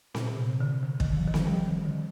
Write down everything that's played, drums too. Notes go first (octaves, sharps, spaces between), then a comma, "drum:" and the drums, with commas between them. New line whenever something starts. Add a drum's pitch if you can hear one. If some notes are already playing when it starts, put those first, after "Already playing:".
A#2, drum: snare C4
C3
D3
D3
D#3, drum: kick
F3
D#3
F3, drum: snare C4
G3
F3
D#3
D3